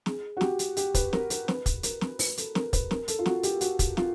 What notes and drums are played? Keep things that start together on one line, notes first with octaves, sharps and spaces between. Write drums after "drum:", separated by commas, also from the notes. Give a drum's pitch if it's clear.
G#4, drum: snare
F#4
G4, drum: snare
drum: hi-hat
G4, drum: hi-hat
B4, drum: kick, hi-hat
A#4, drum: snare
A#4, drum: hi-hat
B4, drum: snare
drum: kick, hi-hat
A#4, drum: hi-hat
drum: snare
B4, drum: open hi-hat
A4, drum: hi-hat
A#4, drum: snare
B4, drum: kick, hi-hat
A#4, drum: snare
A4, drum: hi-hat
F4
F#4, drum: snare
G4, drum: hi-hat
F#4, drum: hi-hat
drum: kick, hi-hat
F4, drum: snare